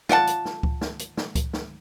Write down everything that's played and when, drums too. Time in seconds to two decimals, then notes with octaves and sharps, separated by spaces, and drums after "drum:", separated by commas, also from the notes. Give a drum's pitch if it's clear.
0.09 F4 D5 F#5 A5, drum: snare
0.27 drum: hi-hat
0.45 drum: snare
0.63 drum: kick C#2
0.81 drum: snare
0.99 drum: hi-hat
1.17 drum: snare
1.35 drum: kick C#2, hi-hat
1.53 drum: snare